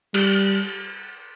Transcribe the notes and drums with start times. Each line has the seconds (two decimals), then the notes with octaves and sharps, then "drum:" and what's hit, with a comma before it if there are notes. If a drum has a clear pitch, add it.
0.14 G3, drum: cymbal